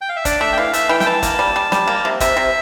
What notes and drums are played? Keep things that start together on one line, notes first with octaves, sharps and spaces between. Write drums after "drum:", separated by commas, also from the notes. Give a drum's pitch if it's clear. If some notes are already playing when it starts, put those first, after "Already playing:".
G5
F5
E5
D4 D5, drum: kick, hi-hat
A3 E5
G5
E3 F5
A3 E5, drum: hi-hat
E3 G5
G5, drum: snare
E3 A5
A#3, drum: kick, hi-hat
G3
G3
G3, drum: snare
A#3
C3
C3 E5, drum: kick, hi-hat
C3